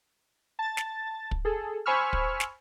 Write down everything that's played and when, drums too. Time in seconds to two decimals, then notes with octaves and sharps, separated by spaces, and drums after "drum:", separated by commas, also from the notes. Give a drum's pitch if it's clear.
0.59 A5 A6
0.77 drum: snare
1.31 drum: kick
1.45 G#4 A4
1.86 C5 G#5 B5 C#6 E6 F6
2.13 drum: kick
2.40 drum: snare